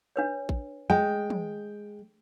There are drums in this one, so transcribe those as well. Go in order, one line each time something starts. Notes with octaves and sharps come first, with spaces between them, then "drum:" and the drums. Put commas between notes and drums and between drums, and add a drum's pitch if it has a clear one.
D4 B4 C#5
drum: kick A1
G#3 G5
drum: tom